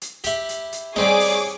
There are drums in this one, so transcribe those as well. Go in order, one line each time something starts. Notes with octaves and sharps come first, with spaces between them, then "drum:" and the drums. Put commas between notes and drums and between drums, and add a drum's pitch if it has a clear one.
drum: hi-hat
E4 G4, drum: hi-hat
drum: hi-hat
drum: hi-hat
G3 C4 D#4 G#4 C#5 D6, drum: snare
drum: open hi-hat